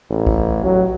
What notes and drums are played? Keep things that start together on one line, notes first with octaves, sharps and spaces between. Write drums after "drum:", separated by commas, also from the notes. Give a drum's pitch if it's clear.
A1
drum: kick
F#3